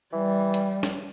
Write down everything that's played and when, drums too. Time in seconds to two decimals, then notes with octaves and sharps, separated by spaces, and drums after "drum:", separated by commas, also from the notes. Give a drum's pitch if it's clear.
0.13 E3 G3
0.54 drum: hi-hat
0.83 drum: snare